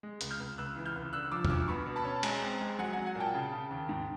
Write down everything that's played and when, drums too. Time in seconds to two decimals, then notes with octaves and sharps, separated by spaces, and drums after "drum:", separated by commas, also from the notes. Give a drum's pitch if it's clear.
0.03 G#3
0.21 C#2, drum: hi-hat
0.31 F6 G6
0.40 C#2
0.58 C#2 E6 F#6
0.76 E3
0.86 F6 G6
0.95 C#2
1.13 D3 E6 F#6
1.31 F3 D6 E6
1.45 F6, drum: tom E2
1.50 D2 D6 E6
1.68 B2 B5 C#6
1.86 B2
1.96 A5 B5
2.05 C#4
2.16 A5
2.23 G#3 G#5 A#5, drum: cymbal
2.42 C4
2.61 G#3
2.79 F#3 F#5 G#5
2.93 F#3 F#5 G#5
3.06 F#5 G#5
3.15 A#2
3.20 G5 A5
3.34 C#3
3.53 C#3
3.71 D#2
3.89 G#2